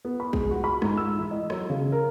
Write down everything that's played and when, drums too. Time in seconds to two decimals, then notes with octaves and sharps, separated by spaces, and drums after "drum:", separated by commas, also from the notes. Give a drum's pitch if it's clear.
0.05 B3
0.20 B5
0.33 G#3, drum: kick A#1
0.51 F#4
0.64 B5
0.82 G#2, drum: rim click
0.97 E6
1.17 E3
1.31 D#5
1.50 F#3, drum: rim click
1.70 C#3
1.92 A#4